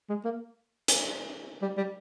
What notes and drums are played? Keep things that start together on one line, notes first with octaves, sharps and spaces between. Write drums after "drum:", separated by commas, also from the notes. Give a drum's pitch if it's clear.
G#3
A#3
drum: hi-hat
G3
G3